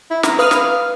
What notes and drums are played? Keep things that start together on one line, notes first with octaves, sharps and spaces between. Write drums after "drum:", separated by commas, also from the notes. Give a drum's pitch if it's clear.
E4
A#5, drum: snare
B4 F5 D#6 F6
drum: snare